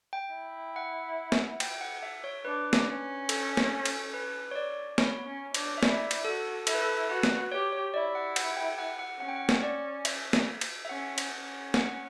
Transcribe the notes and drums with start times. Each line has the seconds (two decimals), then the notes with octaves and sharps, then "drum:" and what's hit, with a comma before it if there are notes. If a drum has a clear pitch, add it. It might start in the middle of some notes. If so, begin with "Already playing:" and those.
0.13 G5
0.34 E4
0.76 F#5
1.32 drum: snare
1.60 G5, drum: cymbal
1.81 F#5
2.03 E5
2.24 C#5
2.45 D4 B4
2.73 drum: snare
2.87 C#4
3.29 A4, drum: cymbal
3.57 drum: snare
3.85 drum: cymbal
4.14 B4
4.51 C#5
4.56 D5
4.98 B3 C#5, drum: snare
5.26 C#4
5.54 D4, drum: cymbal
5.78 E5
5.83 E4 D5, drum: snare
6.11 drum: cymbal
6.25 F#4 A4
6.67 E4 A4, drum: cymbal
6.75 B4
6.82 A4
7.09 F#4 B4
7.23 drum: snare
7.52 G4 C#5
7.73 C#5
7.94 E4 D5
8.15 F#5
8.36 F#5, drum: cymbal
8.57 G5
8.78 F#5
8.99 F#5
9.20 C#4 F#5
9.28 G5
9.36 F#5
9.49 drum: snare
9.63 D5
10.05 E5, drum: cymbal
10.33 drum: snare
10.61 drum: cymbal
10.85 E5
10.89 C#4 F#5
11.18 drum: cymbal
11.32 C#4
11.74 F#5, drum: snare